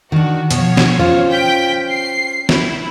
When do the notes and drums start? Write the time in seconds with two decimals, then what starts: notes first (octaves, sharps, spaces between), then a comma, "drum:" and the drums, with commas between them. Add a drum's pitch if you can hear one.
0.12 D#3 D4 F#4
0.51 B2 F3 C#5, drum: hi-hat
0.77 drum: snare
0.99 C#4 F4 C5
1.30 G5 B6
1.89 C7
2.49 E4, drum: snare